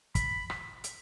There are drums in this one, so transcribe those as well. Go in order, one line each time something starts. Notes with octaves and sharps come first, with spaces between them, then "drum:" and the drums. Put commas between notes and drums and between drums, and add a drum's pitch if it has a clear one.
B5, drum: kick, hi-hat
drum: rim click
drum: hi-hat